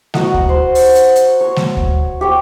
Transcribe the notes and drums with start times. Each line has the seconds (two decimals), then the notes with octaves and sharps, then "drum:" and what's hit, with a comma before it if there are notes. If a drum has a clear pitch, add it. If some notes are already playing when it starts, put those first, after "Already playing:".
0.14 F#4 A#4 D#5 F#5, drum: snare G#3
0.34 drum: kick D2
0.49 C5
0.75 drum: open hi-hat
0.95 drum: hi-hat
1.16 drum: hi-hat
1.41 C#5
1.57 drum: snare G#3
1.77 drum: kick D2
2.21 G4 C#5 G5